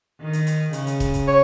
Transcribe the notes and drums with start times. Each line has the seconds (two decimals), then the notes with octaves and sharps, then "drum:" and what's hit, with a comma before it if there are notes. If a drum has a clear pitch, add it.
0.20 D#3
0.33 drum: hi-hat
0.47 drum: hi-hat
0.73 C#3, drum: hi-hat
0.87 drum: hi-hat
1.00 drum: kick, hi-hat
1.14 drum: hi-hat
1.28 C#5